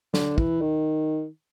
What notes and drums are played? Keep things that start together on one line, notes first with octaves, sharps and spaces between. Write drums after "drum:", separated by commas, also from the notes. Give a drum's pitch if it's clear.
D3, drum: snare
E3, drum: kick
D#3